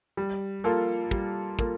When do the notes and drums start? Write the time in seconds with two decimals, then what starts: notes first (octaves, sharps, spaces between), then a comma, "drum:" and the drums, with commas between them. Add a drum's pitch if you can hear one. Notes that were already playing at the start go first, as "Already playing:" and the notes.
0.17 G3
0.64 A#3 F4 A4
1.11 G3, drum: kick
1.59 A#3 F4 A4, drum: kick